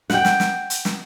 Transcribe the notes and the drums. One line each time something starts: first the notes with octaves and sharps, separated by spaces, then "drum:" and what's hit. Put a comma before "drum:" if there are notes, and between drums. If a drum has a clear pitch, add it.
F#5 G5, drum: snare
drum: snare
drum: snare
drum: hi-hat
drum: snare